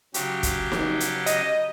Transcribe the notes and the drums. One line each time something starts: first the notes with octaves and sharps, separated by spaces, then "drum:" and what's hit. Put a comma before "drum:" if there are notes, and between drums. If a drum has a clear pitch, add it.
C#3 F#3 G4, drum: hi-hat
drum: kick, hi-hat
drum: snare
drum: hi-hat
D#5, drum: hi-hat